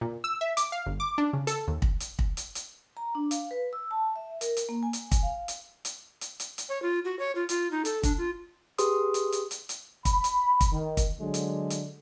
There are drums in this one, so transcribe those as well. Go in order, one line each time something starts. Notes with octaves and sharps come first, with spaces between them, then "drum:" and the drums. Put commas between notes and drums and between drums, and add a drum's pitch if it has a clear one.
A#2
E6
E5
D6, drum: hi-hat
F5
G1
D6
D4
C#3
A4, drum: hi-hat
D#2
drum: kick
drum: hi-hat
drum: kick
drum: hi-hat
drum: hi-hat
A#5
D4
F5, drum: hi-hat
B4
E6
A5
E5
A#4, drum: hi-hat
drum: hi-hat
A#3
G#5
drum: hi-hat
drum: kick, hi-hat
F5
drum: hi-hat
drum: hi-hat
drum: hi-hat
drum: hi-hat
drum: hi-hat
C#5
F4
F#4
C#5
F4
F4, drum: hi-hat
D#4
A4, drum: hi-hat
D4, drum: kick, hi-hat
F4
G4 G#4 B4 C6 D#6, drum: hi-hat
drum: hi-hat
drum: hi-hat
drum: hi-hat
drum: hi-hat
B5, drum: kick, hi-hat
drum: hi-hat
drum: kick, hi-hat
D#3
drum: kick, hi-hat
D3 F#3 G#3
drum: hi-hat
drum: hi-hat